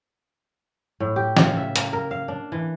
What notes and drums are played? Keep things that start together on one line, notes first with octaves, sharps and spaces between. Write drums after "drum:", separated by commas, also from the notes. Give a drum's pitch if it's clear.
A2
G4
C#3, drum: snare
E5
A#3, drum: hi-hat
A#4
F5
D4
E3